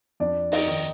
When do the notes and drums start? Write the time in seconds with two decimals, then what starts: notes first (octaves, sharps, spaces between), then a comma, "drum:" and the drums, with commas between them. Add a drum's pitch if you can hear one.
0.20 F2 D4 D5
0.52 D#4 D#5, drum: open hi-hat
0.67 D#3